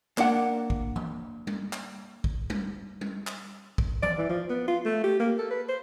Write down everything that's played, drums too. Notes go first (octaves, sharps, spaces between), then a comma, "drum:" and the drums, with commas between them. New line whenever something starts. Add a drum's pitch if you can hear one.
A#3 D4 F#5, drum: clap
drum: kick
drum: tom E3
drum: tom G3
drum: clap
drum: kick
drum: tom G3
drum: tom G3
drum: clap
drum: kick
D5, drum: tom E3
E3
F3
B3
F4
A3
G4
A#3
A4
B4
C5